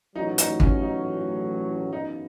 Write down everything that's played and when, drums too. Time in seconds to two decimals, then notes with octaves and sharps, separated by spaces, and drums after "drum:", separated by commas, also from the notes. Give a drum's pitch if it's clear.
0.16 A1 A2 F#3 D#4
0.38 D#4, drum: hi-hat
0.60 C#4, drum: kick
0.82 D#4
1.92 F#2 C#3 E3 B3 D#4